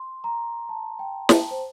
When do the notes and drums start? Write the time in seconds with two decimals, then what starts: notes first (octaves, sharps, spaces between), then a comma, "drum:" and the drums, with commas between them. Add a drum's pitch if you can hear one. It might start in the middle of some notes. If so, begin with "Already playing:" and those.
Already playing: C6
0.24 A#5
0.69 A5
0.99 G5
1.29 A5, drum: snare
1.51 C5